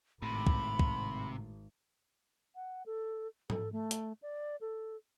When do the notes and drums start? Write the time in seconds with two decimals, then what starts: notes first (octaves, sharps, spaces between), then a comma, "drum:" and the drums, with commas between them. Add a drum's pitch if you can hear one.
0.22 G#1 A2 C3 B5
0.47 drum: kick
0.79 drum: kick
2.55 F#5
2.86 A4
3.50 A4, drum: tom G#2
3.72 A3
3.91 drum: hi-hat
4.22 D5
4.61 A4